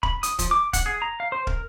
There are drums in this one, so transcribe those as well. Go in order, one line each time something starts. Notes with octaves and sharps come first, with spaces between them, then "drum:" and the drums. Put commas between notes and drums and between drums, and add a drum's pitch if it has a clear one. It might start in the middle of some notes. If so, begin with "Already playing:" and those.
B5, drum: kick
D#6, drum: hi-hat
F3, drum: kick, hi-hat
D6
F#5, drum: kick, hi-hat
G#4
A#5
F5
C5
A#4, drum: kick